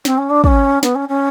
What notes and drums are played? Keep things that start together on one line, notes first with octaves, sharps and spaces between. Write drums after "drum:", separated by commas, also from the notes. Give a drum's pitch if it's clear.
C4, drum: snare
C#4
D4
D4, drum: kick
C#4
B3, drum: snare
C#4
C#4